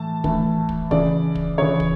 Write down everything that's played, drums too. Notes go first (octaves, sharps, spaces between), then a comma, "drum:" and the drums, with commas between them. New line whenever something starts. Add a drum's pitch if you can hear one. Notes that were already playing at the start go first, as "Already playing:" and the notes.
Already playing: A2 E3 A5
A2 E3, drum: kick
drum: kick
C#3 E3 D5, drum: kick
drum: kick
C#3 E3 C#5
drum: kick